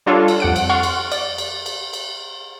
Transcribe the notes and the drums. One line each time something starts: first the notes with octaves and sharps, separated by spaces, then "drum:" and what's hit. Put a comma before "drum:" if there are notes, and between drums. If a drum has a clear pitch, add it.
G3 D4 F4 A4 C#5
drum: cymbal
F2 F#5 D7
drum: cymbal
F#5 C6 C#6 F6 A6
drum: cymbal
D5, drum: cymbal
drum: cymbal
drum: cymbal
drum: cymbal